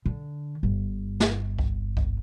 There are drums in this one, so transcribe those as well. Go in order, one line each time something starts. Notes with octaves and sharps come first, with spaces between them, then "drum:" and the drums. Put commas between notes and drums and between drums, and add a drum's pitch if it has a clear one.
D3
G1
drum: snare
drum: kick C2
drum: kick C2